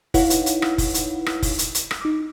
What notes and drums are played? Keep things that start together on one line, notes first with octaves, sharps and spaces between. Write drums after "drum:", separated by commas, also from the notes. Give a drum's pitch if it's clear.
D#4 E4 B4 C#5 F5 F#5, drum: kick F1, open hi-hat
drum: hi-hat
drum: hi-hat
drum: rim click
drum: kick F1, open hi-hat
drum: hi-hat
drum: rim click
drum: kick F1, open hi-hat
drum: hi-hat
drum: hi-hat
drum: rim click
D#4 D6